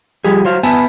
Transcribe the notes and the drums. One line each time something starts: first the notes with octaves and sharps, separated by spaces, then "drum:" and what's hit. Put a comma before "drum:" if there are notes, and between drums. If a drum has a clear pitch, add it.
F3 G3 G4 G#4
F#3 C5 F5
B3 B4 E5 G#5 A5, drum: tambourine